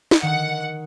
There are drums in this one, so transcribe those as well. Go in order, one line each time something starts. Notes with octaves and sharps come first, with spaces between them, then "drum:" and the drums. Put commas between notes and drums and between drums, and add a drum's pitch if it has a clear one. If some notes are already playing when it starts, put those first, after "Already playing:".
drum: snare
D#3 F#5